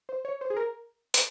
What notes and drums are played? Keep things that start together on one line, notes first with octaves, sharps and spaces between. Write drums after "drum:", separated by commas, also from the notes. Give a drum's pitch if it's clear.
C5
C#5
C5
G#4
A#4
drum: hi-hat